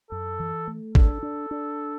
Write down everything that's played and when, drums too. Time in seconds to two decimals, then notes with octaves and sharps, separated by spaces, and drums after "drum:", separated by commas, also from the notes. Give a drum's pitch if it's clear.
0.11 F#2 A4
0.39 E3
0.67 A3
0.95 D4 A4, drum: kick
1.23 D4
1.51 D4